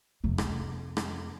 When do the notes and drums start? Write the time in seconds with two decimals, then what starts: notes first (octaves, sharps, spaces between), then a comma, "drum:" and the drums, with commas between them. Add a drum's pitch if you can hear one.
0.24 F2 C3
0.38 drum: rim click
0.97 drum: rim click